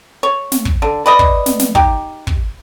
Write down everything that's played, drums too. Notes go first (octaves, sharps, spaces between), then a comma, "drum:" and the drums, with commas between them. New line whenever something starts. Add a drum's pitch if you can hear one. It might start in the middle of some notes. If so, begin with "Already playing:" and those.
C#5
drum: snare
drum: kick
D3
B4 D5 D#5
drum: kick
drum: snare
drum: snare
D#4 G4, drum: kick
drum: kick